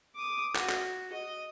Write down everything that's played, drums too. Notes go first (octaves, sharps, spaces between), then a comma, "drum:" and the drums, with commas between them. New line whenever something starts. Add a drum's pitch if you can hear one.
D6 D#6
F#4, drum: clap
drum: clap
D#5